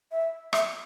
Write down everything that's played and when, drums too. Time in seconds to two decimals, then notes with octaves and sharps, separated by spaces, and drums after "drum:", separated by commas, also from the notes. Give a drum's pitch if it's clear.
0.12 E5
0.53 E5, drum: rim click